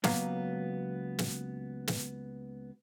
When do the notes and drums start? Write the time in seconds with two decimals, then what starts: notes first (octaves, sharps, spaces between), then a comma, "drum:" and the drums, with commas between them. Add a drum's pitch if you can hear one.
0.04 C#2 F#3 A#3 B3 F5 A#5, drum: snare
1.19 drum: snare
1.87 drum: snare